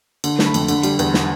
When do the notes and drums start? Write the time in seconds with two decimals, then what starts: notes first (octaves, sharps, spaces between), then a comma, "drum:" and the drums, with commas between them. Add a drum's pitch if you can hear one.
0.24 D3, drum: cymbal
0.39 A3, drum: snare
0.46 B5
0.54 F2, drum: cymbal
0.68 D3, drum: cymbal
0.83 G3, drum: cymbal
0.99 E2, drum: cymbal
1.14 drum: snare